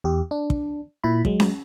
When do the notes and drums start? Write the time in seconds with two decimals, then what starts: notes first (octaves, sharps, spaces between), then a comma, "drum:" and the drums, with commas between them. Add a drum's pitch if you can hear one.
0.04 E2 G4
0.31 D4
0.50 drum: kick
1.04 A#2 E4 B5
1.25 F#3 G#3, drum: kick
1.40 drum: snare C#4